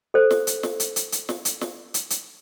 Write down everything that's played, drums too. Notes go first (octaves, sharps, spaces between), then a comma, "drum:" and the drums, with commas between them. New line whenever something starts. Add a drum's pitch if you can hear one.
A4 C5
drum: snare
drum: hi-hat
drum: snare
drum: hi-hat
drum: hi-hat
drum: hi-hat
drum: snare
drum: hi-hat
drum: snare
drum: hi-hat
drum: hi-hat